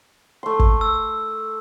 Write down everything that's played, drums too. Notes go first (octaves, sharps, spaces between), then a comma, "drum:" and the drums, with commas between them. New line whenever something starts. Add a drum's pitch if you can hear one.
A3 C6
drum: kick
E6